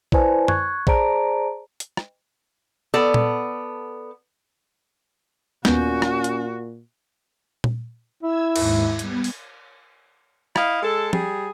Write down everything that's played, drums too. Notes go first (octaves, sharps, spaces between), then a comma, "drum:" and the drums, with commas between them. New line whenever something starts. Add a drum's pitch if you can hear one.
E4 B4 C5 D5 G#5 A5, drum: kick A#1
C#6 F#6 G#6, drum: tom F#2
G#4 C5 D5 A5 A#5 D7, drum: kick A#1
drum: hi-hat
drum: rim click
B3 A4 D5
drum: tom A#2
D#2 A#2 B3 C#4 F#4 G6, drum: snare
drum: rim click
drum: hi-hat
drum: tom A#2
E4 E6 G#6
D#2 G#2, drum: cymbal
G3 B3 G#6, drum: hi-hat
drum: open hi-hat
E4 D#5 F5, drum: rim click
G#3 A4
G3 G#4, drum: tom